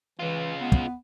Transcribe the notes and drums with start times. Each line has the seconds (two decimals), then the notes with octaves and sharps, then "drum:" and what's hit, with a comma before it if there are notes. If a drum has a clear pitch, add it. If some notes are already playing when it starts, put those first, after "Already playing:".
0.19 C#3 E3 F4
0.61 B3
0.72 drum: kick